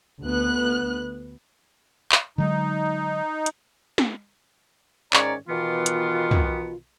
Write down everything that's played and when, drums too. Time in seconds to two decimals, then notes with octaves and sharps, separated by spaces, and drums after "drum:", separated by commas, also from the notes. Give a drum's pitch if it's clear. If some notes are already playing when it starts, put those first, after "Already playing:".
0.23 D2 B3 F#6
2.12 drum: clap
2.38 D3 F#3 G#3 D#4
3.46 drum: hi-hat
3.98 drum: snare
5.13 G#2 D#3 C#4 C#5 D5 A#5, drum: clap
5.48 B2 D#3 E3 B3 F4
5.86 drum: hi-hat
6.31 drum: tom